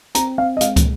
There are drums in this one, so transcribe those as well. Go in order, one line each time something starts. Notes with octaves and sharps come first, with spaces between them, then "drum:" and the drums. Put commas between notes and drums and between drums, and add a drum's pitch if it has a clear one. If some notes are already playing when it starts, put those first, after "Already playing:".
C4 A#5, drum: hi-hat
C4 F5
D#5
G#3 F5, drum: hi-hat
drum: kick, hi-hat